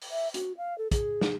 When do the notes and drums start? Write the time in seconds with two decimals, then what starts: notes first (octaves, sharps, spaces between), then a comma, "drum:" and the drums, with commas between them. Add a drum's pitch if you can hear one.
0.02 drum: open hi-hat
0.11 E5
0.34 F#4, drum: hi-hat
0.58 F5
0.78 A4
0.91 G#4, drum: kick, hi-hat
1.21 drum: snare